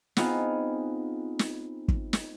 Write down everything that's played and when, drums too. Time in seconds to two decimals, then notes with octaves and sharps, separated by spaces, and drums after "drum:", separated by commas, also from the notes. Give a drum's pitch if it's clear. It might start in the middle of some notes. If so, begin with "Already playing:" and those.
0.17 B3 C4 D#4 F4 G#4, drum: snare
1.39 drum: snare
1.88 drum: kick
2.13 drum: snare